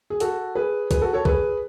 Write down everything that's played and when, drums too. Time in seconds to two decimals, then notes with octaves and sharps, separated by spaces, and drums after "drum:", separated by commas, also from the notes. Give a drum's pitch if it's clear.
0.10 G#4
0.20 F#4 A4, drum: hi-hat
0.55 G#4 B4
0.91 G#4 B4, drum: kick, hi-hat
1.01 F#4 A4
1.13 A4 C#5
1.25 G#4 B4, drum: kick